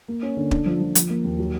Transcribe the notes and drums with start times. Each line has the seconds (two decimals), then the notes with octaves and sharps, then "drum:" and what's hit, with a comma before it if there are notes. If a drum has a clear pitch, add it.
0.08 A#3
0.23 C#4
0.37 D3
0.51 D4, drum: kick
0.66 F3
0.80 F3
0.95 F3, drum: hi-hat
1.10 A#3
1.24 D#2
1.39 F#3